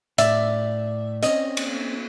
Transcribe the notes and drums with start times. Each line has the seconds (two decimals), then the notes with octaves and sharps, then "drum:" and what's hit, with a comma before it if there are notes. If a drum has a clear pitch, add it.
0.18 A2 D5 E5, drum: hi-hat
1.23 C4 C#4 D#5, drum: hi-hat
1.57 drum: cymbal